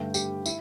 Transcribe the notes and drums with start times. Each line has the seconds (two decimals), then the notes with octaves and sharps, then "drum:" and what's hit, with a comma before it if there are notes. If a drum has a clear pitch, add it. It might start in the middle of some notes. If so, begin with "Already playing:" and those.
Already playing: G2 D3 A3 G5
0.14 G4, drum: tambourine
0.46 E4, drum: tambourine